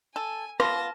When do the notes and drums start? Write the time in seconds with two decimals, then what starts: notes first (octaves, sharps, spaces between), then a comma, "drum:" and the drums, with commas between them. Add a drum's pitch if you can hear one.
0.16 A4 G#5
0.60 B3 F4 A5 A#6, drum: rim click